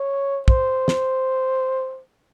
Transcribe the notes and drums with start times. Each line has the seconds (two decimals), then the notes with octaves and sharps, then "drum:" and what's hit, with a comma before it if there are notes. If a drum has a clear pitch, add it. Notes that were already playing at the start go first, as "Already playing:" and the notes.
Already playing: C#5
0.48 C5, drum: kick
0.88 drum: snare